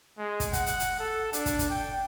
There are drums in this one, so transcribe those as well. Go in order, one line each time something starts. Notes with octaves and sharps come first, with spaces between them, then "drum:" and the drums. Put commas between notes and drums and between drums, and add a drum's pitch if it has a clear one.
G#3
drum: kick, hi-hat
F#5, drum: kick, hi-hat
drum: hi-hat
drum: hi-hat
A4
D4, drum: hi-hat
drum: kick, hi-hat
drum: kick, hi-hat
G5